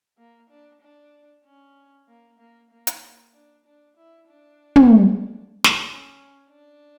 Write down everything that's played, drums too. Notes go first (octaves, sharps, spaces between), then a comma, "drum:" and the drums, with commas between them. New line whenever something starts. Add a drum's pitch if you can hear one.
A#3
D4
D4
C#4
A#3
A#3
A#3
drum: hi-hat
D4
D4
E4
D4
drum: tom
drum: snare
C#4
D4